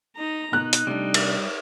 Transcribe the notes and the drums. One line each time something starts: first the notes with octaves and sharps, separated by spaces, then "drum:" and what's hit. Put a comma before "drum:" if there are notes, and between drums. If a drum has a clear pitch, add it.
D#4 A#5
B2 D#4 A#4 F#6
drum: hi-hat
C3 G3 A3 D4
drum: cymbal